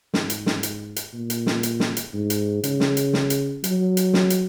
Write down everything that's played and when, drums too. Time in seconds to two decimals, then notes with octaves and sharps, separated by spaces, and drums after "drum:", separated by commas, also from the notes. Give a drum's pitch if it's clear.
0.14 G#2, drum: snare
0.30 drum: hi-hat
0.46 drum: snare
0.63 drum: hi-hat
0.96 drum: hi-hat
1.13 A#2
1.30 drum: hi-hat
1.46 drum: snare
1.63 drum: hi-hat
1.80 drum: snare
1.97 drum: hi-hat
2.13 G#2
2.30 drum: hi-hat
2.64 C#3, drum: hi-hat
2.80 drum: snare
2.97 drum: hi-hat
3.13 drum: snare
3.30 drum: hi-hat
3.64 F#3, drum: hi-hat
3.97 drum: hi-hat
4.14 drum: snare
4.30 drum: hi-hat